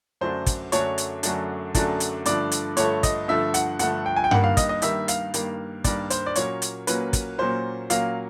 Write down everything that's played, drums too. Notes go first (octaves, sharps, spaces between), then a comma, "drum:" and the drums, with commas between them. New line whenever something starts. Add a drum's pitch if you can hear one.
F#2 D3 F#3 A3 D4 C5
drum: kick, hi-hat
F#2 D3 F#3 A3 D4 C#5, drum: hi-hat
drum: hi-hat
F#2 D3 F#3 A3 D4, drum: hi-hat
F#2 D3 F#3 A3 D4, drum: kick, hi-hat
drum: hi-hat
G2 D3 F3 A3 D5, drum: hi-hat
drum: hi-hat
G2 D3 F3 A3 C#5, drum: hi-hat
D#5, drum: kick, hi-hat
G2 D3 F3 A3 E5
F#5, drum: hi-hat
G2 D3 F3 A3 F#5, drum: hi-hat
G5
G#5
G5
G2 D#3 G3 A#3 F#5, drum: tom G2
F5
D#5, drum: kick, hi-hat
D#5
G2 D#3 G3 A#3 E5, drum: hi-hat
F5, drum: hi-hat
G2 D#3 G3 A#3, drum: hi-hat
G2 D#3 G3 A#3 D5, drum: kick, hi-hat
C5, drum: hi-hat
D5
A#2 F#3 A#3 C#4 C#5, drum: hi-hat
drum: hi-hat
A#2 F#3 A#3 C#4 B4, drum: hi-hat
drum: kick, hi-hat
A#2 F#3 A#3 C#4 C5
A#2 F#3 A#3 C#4 F5, drum: hi-hat